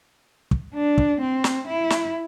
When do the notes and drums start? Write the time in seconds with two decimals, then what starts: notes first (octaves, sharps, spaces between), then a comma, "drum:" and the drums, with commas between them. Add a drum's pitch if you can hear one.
0.51 drum: kick
0.74 D4
0.98 drum: kick
1.21 C4
1.44 drum: snare
1.67 E4
1.90 drum: snare